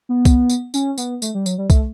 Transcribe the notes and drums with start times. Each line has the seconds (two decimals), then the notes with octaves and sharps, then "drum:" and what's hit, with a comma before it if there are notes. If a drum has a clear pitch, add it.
0.09 B3
0.25 drum: kick, tambourine
0.50 drum: tambourine
0.74 C#4, drum: tambourine
0.98 B3, drum: tambourine
1.22 A3, drum: tambourine
1.35 G3
1.46 F#3, drum: tambourine
1.58 G3
1.70 A3, drum: kick, tambourine